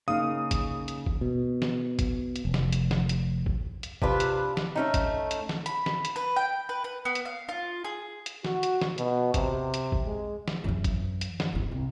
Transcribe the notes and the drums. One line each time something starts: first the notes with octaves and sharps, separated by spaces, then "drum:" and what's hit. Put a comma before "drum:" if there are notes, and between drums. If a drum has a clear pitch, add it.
C#3 A#3 D#4 F5 D#6
drum: kick, hi-hat
drum: hi-hat
drum: kick
B2
drum: snare
drum: kick, hi-hat
drum: hi-hat
F1
drum: snare
drum: hi-hat
drum: snare
drum: hi-hat
drum: kick
drum: hi-hat
C3 D4 F4 B4, drum: kick
drum: hi-hat
drum: snare
A3 C#4 D#4
drum: kick, hi-hat
drum: hi-hat
drum: snare
B5, drum: hi-hat
drum: snare
drum: hi-hat
B4
G5
B4
B4
B3
drum: hi-hat
F5
F4
G#4
drum: hi-hat
F#4, drum: snare
drum: hi-hat
drum: snare
B2, drum: hi-hat
C3, drum: kick, hi-hat
drum: hi-hat
drum: kick
G#3
drum: snare
F#2 E3
drum: kick, hi-hat
drum: hi-hat
drum: snare
G1 E4
C2